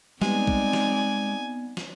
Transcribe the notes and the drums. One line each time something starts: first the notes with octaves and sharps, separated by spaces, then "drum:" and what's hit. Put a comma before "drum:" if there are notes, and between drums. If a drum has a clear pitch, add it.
G3 G#3 B3 C4 D#4 D5 G#5, drum: snare
drum: kick
drum: snare
drum: snare